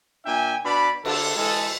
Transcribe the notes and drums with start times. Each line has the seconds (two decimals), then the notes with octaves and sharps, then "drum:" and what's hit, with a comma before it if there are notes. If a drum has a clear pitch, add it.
0.25 A#2 D4 E5 G5 G#5
0.64 B2 D4 D5 B5
1.05 D3 A4, drum: cymbal
1.36 E3 G#3 A4